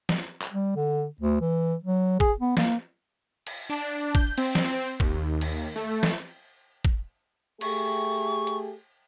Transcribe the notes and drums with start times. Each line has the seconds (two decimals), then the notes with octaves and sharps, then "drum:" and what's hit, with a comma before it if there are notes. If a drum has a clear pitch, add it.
0.09 drum: snare
0.42 drum: clap
0.52 G3
0.76 D3
1.21 D2
1.41 E3
1.84 F#3
2.20 G#4, drum: kick
2.40 B3
2.57 A#3, drum: snare
3.47 drum: cymbal
3.70 D4
4.15 G6, drum: kick
4.38 C4, drum: cymbal
4.55 drum: snare
5.00 D#2, drum: kick
5.41 drum: cymbal
5.76 A3
6.03 drum: snare
6.85 drum: kick
7.61 A3 G4 G#4 C#6, drum: cymbal
8.47 drum: hi-hat